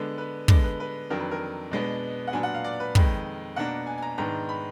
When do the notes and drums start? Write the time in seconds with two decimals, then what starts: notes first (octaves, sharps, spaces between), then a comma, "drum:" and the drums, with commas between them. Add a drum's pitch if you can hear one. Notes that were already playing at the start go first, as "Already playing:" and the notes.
Already playing: D3 G#3 B3 D4
0.18 B4
0.48 D3 G#3 B3 D4 D5, drum: kick
0.64 B4
0.80 B4
1.10 F2 D#3 F#3 D4 A#4
1.20 B4
1.31 A#4
1.71 B2 G#3 B3 D4
2.27 F#5
2.33 A#2 F#3 B3 D4 G#5
2.43 F#5
2.54 F5
2.64 D5
2.80 B4
2.95 F2 D#3 G#3 B4, drum: kick
3.56 B2 A#3 D4 F#5
3.87 G#5
3.98 G#5
4.03 A#5
4.18 G#2 D#3 G#3 B3 D4 A#5
4.49 B5